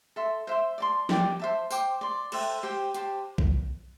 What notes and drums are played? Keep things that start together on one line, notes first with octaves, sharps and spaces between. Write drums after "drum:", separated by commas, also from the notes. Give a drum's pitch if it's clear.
A4 E5 C6
C5 E5 C6
D5 A5 C6
G4 D5 G5 D6, drum: snare
C5 E5 A5
C5 G5 D6, drum: tambourine
D5 C6
A4 C5 E5 G5, drum: cymbal
G4 C5 G5
G4 C5 A5, drum: hi-hat
drum: kick A#1